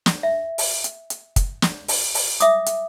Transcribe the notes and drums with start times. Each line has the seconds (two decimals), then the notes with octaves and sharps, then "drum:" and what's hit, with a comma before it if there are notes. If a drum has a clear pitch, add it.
0.06 drum: snare
0.23 E5
0.58 drum: open hi-hat
0.84 drum: hi-hat
1.10 drum: hi-hat
1.36 drum: kick, hi-hat
1.62 drum: snare
1.88 drum: open hi-hat
2.14 drum: open hi-hat
2.40 E5 D6 D#6, drum: hi-hat
2.66 drum: hi-hat